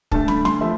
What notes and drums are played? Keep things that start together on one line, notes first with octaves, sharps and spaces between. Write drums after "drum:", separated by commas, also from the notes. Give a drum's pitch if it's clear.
D2 D3 A3 A5, drum: kick
B5, drum: snare
C6, drum: snare
F3 A3 E5